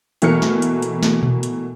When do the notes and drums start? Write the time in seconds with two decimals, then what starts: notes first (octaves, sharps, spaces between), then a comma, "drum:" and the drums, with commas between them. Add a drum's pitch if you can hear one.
0.22 B2 E3 A3 A#3 F6 C#7, drum: hi-hat
0.42 drum: snare
0.62 drum: hi-hat
0.82 drum: hi-hat
1.03 drum: snare
1.23 drum: tom A#2
1.43 drum: hi-hat